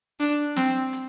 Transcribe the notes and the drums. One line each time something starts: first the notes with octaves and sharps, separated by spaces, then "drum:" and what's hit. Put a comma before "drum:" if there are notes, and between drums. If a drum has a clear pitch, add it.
D4, drum: hi-hat
C4, drum: snare
drum: hi-hat